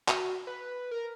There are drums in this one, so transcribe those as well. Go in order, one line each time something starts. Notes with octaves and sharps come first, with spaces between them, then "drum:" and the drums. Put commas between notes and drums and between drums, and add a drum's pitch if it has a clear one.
F#4, drum: clap
B4
A#4